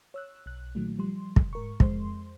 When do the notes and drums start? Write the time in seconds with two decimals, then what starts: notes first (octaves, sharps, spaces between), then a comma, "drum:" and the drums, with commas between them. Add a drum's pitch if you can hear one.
0.14 C#5 E6 F#6
0.46 B1 F#6
0.75 A#2 D#3 F#3 A3
0.98 F3 G3 C6
1.36 drum: kick
1.53 G#2 A#4 C#6
1.80 F2 G#3 C5 C6, drum: kick